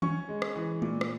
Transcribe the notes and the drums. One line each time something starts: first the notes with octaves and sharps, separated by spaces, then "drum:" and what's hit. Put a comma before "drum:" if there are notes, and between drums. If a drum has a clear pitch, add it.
C#4 C#6, drum: tom D#3
G#3
drum: rim click
E3
A#2, drum: tom G#3
drum: rim click